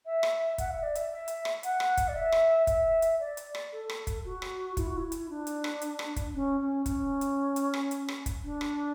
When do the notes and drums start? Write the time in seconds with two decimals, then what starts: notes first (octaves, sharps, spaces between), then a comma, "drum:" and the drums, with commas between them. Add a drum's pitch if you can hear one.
0.05 E5
0.23 drum: rim click
0.58 F#5, drum: kick, hi-hat
0.70 E5
0.82 D5
0.95 E5, drum: hi-hat
1.10 E5
1.28 drum: hi-hat
1.45 drum: rim click
1.63 F#5, drum: hi-hat
1.80 drum: rim click
1.97 drum: kick, hi-hat
2.08 D5
2.15 E5
2.32 drum: rim click
2.67 E5, drum: kick, hi-hat
3.02 drum: hi-hat
3.19 D5
3.37 drum: hi-hat
3.55 drum: rim click
3.72 A4
3.89 drum: rim click
4.07 drum: kick, hi-hat
4.25 F#4
4.42 drum: rim click
4.77 E4, drum: kick, hi-hat
4.87 F#4
4.97 E4
5.12 drum: hi-hat
5.29 D4
5.47 drum: hi-hat
5.64 drum: rim click
5.82 drum: hi-hat
5.99 drum: rim click
6.16 drum: kick, hi-hat
6.34 C#4
6.60 C#4
6.86 C#4, drum: kick, hi-hat
7.21 drum: hi-hat
7.56 drum: hi-hat
7.74 drum: rim click
7.91 drum: hi-hat
8.08 drum: rim click
8.26 drum: kick, hi-hat
8.44 D4
8.61 drum: rim click